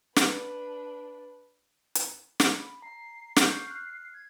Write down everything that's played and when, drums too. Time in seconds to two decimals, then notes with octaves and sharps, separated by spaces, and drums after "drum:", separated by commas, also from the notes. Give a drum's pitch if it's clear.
0.16 D4 B4, drum: snare
1.95 drum: hi-hat
2.40 drum: snare
2.60 B5
2.82 A#5 C7
3.36 C#6 F6 G6, drum: snare
3.66 F6 F#6
4.14 G#6